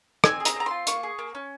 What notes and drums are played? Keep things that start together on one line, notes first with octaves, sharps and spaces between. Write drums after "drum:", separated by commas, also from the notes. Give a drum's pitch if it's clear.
C4 G#5, drum: rim click
G#4
A#5, drum: hi-hat
C4 A#5
F4 C6
A#3 C#6, drum: hi-hat
G#4
A#3
C#4